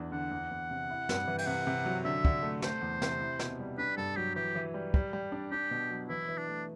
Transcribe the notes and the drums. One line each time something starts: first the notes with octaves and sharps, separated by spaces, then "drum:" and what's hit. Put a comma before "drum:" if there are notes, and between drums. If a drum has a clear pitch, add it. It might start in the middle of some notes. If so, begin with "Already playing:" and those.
Already playing: E2 D4
D3 F#5
E2
E2
C3
E4
G2, drum: snare
E3
G5, drum: cymbal
C3 F#5
C3
F#3
D3 E5
D3, drum: kick
A3
A3 C5, drum: snare
E2
C3, drum: snare
E4
B2, drum: snare
G3
D4 B4
G2 A4
F#3 G4
E3 G4
E3
G3
G3, drum: kick
G3
D4
D4 G4
B2
F#3
E3 E4
E3
D4
A3